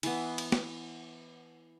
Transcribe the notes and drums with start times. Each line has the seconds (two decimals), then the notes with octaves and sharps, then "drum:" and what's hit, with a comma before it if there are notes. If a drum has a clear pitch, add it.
0.03 E3 B3, drum: cymbal
0.38 drum: cymbal
0.52 drum: snare